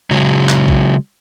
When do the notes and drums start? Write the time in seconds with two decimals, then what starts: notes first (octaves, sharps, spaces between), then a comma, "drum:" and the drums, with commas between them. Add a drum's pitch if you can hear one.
0.11 C#3 F#3 G#3
0.49 drum: clap
0.68 drum: kick